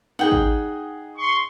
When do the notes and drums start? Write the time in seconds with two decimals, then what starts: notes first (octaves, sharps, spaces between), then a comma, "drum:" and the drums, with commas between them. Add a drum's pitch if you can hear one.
0.19 D#4 G#4 F#5 G5
0.32 drum: kick G#1
1.17 C6 C#6